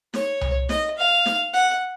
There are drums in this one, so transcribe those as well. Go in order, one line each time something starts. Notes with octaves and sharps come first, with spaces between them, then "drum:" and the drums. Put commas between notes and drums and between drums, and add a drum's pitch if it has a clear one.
C#5, drum: snare
drum: tom C2
D#5, drum: snare
F5
drum: snare
F#5